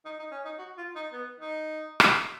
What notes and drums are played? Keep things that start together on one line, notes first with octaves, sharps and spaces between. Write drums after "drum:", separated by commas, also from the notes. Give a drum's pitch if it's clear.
D#4
D#4
C#4
D#4
F#4
F4
D#4
B3
D#4
drum: rim click